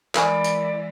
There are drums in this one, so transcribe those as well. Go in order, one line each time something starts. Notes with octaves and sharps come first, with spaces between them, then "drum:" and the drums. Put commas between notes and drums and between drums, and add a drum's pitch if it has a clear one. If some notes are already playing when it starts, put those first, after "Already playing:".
E3 G#3 A#4 D5 G#5 B5, drum: clap
drum: hi-hat